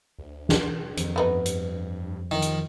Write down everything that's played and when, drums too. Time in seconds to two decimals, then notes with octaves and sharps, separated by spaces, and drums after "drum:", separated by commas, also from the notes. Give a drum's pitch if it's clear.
0.19 D2
0.49 drum: snare
0.97 F2 D#3, drum: hi-hat
1.16 G2 A3 B3 D#4
1.46 drum: hi-hat
2.31 D#3 F3
2.42 drum: hi-hat